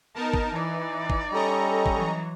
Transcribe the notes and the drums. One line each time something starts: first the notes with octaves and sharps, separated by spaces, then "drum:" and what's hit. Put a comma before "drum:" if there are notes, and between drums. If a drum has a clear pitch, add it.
B3 D#4 A#4 A5
drum: kick
E3 D#4 D5
drum: kick
G3 C#4 A4 D#5 A#5 C#6
drum: kick
E3 F#3